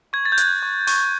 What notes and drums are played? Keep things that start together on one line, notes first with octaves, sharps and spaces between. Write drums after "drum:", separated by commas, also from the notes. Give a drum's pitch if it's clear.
C#6 G#6
A6
G6
F#6 G#6, drum: hi-hat
C#6
C#6, drum: open hi-hat